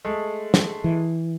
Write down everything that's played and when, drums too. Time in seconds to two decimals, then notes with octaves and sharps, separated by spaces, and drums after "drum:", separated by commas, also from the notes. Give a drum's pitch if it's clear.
0.05 G#3 A3
0.54 drum: snare
0.84 E3